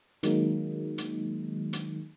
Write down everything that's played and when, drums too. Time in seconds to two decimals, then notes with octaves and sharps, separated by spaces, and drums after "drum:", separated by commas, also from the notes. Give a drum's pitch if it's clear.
0.23 D#3 F#3 G#3 A#3 D#4, drum: hi-hat
0.98 drum: hi-hat
1.73 drum: hi-hat